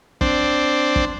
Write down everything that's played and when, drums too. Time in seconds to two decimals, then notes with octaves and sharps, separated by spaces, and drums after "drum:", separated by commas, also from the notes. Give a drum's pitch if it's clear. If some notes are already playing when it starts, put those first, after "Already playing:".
0.21 C4 D4, drum: kick
0.96 drum: kick